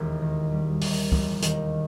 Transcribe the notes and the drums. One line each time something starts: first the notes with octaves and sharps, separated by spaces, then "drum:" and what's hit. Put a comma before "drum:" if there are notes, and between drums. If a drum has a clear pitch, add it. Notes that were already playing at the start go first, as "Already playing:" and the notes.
Already playing: E1 D#2
D#3
G3
D#2, drum: open hi-hat
E1, drum: kick
D#3, drum: hi-hat